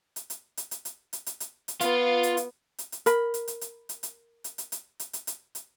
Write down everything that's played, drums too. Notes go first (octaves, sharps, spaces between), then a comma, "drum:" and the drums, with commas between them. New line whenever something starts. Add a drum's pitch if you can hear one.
drum: hi-hat
drum: hi-hat
drum: hi-hat
drum: hi-hat
drum: hi-hat
drum: hi-hat
drum: hi-hat
drum: hi-hat
drum: hi-hat
B3 F4, drum: hi-hat
drum: hi-hat
drum: hi-hat
drum: hi-hat
drum: hi-hat
A#4 B5, drum: hi-hat
drum: hi-hat
drum: hi-hat
drum: hi-hat
drum: hi-hat
drum: hi-hat
drum: hi-hat
drum: hi-hat
drum: hi-hat
drum: hi-hat
drum: hi-hat
drum: hi-hat
drum: hi-hat